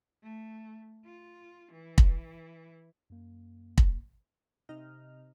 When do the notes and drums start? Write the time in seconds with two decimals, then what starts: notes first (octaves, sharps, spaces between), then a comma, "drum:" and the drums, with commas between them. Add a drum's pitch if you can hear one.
0.23 A3
1.05 F4
1.72 E3
1.98 drum: kick
3.10 F#2 A#3
3.78 drum: kick
4.69 C3 D#4 F6